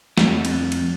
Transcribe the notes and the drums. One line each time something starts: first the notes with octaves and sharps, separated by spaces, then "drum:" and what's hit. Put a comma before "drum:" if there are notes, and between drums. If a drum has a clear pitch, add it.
F2, drum: snare
drum: cymbal
drum: cymbal